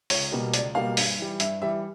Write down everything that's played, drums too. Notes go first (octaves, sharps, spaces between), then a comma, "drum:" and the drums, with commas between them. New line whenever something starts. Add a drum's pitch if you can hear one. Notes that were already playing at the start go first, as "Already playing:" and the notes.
C#2 C#5, drum: open hi-hat
B2 G3 A#3
C#2 D5, drum: hi-hat
B2 G3 A#3 F5
G2, drum: open hi-hat
E3 G3
G2 E5, drum: hi-hat
E3 G3 E5